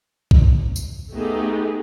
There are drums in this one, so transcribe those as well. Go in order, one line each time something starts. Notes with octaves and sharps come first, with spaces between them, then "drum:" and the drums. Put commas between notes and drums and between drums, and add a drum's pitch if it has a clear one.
drum: kick B1
drum: tambourine
A3 B3 D#4 G4 G#4